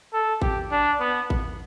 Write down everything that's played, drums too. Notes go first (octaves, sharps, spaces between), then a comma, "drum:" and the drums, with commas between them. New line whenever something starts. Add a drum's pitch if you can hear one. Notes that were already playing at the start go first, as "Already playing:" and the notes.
A4
G4, drum: kick A1
D4
B3
drum: kick A1